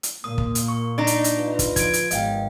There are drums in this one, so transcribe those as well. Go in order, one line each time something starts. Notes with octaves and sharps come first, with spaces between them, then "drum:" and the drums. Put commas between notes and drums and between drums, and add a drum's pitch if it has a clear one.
drum: hi-hat
A#2 A#3 D#6
drum: kick
drum: hi-hat
C#6
D4 D#4
drum: hi-hat
drum: hi-hat
F4 B4
drum: kick, hi-hat
F3 G#6 D7, drum: kick, hi-hat
drum: hi-hat
G#1 B2 D#5 F5 G5, drum: hi-hat